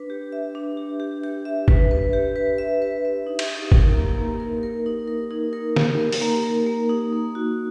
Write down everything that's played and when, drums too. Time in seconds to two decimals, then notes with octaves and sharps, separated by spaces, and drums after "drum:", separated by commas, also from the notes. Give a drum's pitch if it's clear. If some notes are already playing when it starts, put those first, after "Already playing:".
Already playing: D4 B4
0.10 G4
0.32 E5
0.55 D4
0.77 G4
1.00 G4
1.24 G4
1.45 E5
1.68 B4, drum: kick G1
1.91 B4
2.13 G4
2.36 B4
2.58 E5
2.82 B4
3.05 E5
3.27 D#4
3.39 drum: cymbal
3.50 G4
3.72 A#4, drum: kick G1
3.95 A#3
4.18 A#3
4.40 A#4
4.63 A#4
4.86 D#4
5.08 A#4
5.31 D#4
5.53 A#4
5.76 G4, drum: snare
5.98 A#4
6.12 drum: open hi-hat
6.22 A#3
6.43 A#4
6.67 A#3
6.89 D#4
7.13 A#3
7.35 F#4